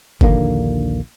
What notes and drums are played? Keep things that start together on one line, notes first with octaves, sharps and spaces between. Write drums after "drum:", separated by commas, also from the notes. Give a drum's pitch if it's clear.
A#1 D#2 D3 A#3, drum: kick G1